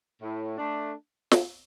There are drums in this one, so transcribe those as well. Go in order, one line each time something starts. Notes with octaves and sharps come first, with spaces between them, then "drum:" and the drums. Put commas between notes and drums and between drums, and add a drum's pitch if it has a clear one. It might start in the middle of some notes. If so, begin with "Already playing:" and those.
A2
A3 D4
drum: snare